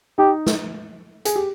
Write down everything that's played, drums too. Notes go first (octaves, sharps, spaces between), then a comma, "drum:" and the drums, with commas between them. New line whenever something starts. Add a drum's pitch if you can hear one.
D#4 G4
drum: snare
G#4, drum: hi-hat
G4